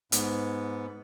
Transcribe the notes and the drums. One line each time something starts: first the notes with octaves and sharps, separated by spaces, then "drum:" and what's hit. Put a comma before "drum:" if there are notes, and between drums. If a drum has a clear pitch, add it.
G#2 B3, drum: hi-hat